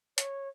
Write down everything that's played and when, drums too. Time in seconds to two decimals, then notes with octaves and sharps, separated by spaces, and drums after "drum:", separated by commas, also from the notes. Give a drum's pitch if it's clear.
0.18 C#5, drum: hi-hat